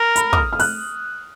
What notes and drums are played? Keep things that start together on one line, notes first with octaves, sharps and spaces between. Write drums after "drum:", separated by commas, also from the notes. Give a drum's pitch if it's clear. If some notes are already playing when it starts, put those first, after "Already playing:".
Already playing: A#4
B5, drum: hi-hat
D#6, drum: kick
F6
F6
F#6, drum: open hi-hat